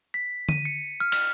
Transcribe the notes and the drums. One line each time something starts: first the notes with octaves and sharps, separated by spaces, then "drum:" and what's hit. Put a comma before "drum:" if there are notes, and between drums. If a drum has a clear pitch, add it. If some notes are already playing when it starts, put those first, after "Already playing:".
B6
D#7, drum: tom D3
C#7
F6
F6, drum: cymbal